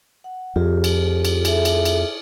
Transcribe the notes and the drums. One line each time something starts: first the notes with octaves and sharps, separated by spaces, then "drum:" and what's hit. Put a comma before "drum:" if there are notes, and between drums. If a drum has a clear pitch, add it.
F#5
F2 F4 G4 G#4
drum: cymbal
drum: cymbal
G#4 A4 E5, drum: cymbal
drum: cymbal
drum: cymbal